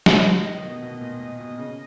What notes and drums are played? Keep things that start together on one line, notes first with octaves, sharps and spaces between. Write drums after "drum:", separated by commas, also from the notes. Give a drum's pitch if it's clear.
D#3 D#5, drum: snare
D#3
D#3
B2
B2
A#2
A#2
B2
C#3